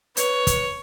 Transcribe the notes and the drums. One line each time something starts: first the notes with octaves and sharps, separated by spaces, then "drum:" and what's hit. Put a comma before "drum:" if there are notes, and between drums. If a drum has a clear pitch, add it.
B4 C#5, drum: hi-hat
drum: kick, hi-hat